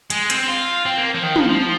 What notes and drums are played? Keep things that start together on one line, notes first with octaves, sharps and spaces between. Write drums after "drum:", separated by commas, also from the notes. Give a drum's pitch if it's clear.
G#3, drum: hi-hat
C4, drum: hi-hat
F4
C4
A#3
F3
D#3
F3, drum: tom
F3